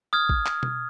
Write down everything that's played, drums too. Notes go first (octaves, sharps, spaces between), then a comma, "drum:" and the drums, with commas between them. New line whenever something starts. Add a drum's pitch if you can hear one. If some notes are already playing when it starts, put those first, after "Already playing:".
D#6 F6 G#6
drum: kick
drum: clap
drum: tom B2